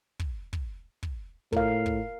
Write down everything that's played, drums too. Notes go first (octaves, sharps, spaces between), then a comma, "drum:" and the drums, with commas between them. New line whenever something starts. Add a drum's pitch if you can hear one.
drum: kick
drum: kick
drum: kick
A2 A#4 F5, drum: kick
drum: kick